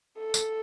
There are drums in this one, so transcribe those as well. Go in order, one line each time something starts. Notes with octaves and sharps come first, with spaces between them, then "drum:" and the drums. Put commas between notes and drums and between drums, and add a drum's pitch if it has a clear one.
A4
drum: tambourine